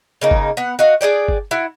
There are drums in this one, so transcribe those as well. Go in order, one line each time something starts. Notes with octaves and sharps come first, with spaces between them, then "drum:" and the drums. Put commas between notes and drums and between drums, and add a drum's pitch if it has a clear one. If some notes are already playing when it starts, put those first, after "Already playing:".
C#3 A#3 D#4
drum: kick G1
B3 F#5
F#4 D#5 F5
D4 G#4 D5 G5
drum: kick G1
E4 F#4